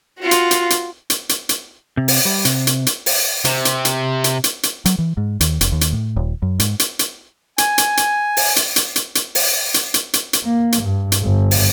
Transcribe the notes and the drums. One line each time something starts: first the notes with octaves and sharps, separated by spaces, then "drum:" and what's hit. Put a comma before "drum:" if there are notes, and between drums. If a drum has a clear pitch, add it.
F4 F#4
drum: hi-hat
drum: hi-hat
drum: hi-hat
drum: hi-hat
drum: hi-hat
drum: hi-hat
C3
drum: open hi-hat
G3
C3, drum: hi-hat
drum: hi-hat
drum: hi-hat
drum: open hi-hat
C3, drum: hi-hat
drum: hi-hat
drum: hi-hat
drum: hi-hat
drum: hi-hat
drum: hi-hat
F#3, drum: hi-hat
E3
G#2
D#2, drum: hi-hat
F1, drum: hi-hat
D#2
drum: hi-hat
A2
D#1
F#2
G#2, drum: hi-hat
drum: hi-hat
drum: hi-hat
G#5, drum: hi-hat
drum: hi-hat
drum: hi-hat
drum: open hi-hat
drum: hi-hat
drum: hi-hat
drum: hi-hat
drum: hi-hat
drum: open hi-hat
drum: hi-hat
drum: hi-hat
drum: hi-hat
drum: hi-hat
A#3
drum: hi-hat
G2
drum: hi-hat
G1
drum: open hi-hat